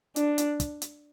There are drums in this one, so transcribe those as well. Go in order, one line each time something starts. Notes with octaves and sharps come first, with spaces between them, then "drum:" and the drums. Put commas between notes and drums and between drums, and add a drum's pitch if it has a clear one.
D4, drum: hi-hat
drum: hi-hat
drum: kick, hi-hat
drum: hi-hat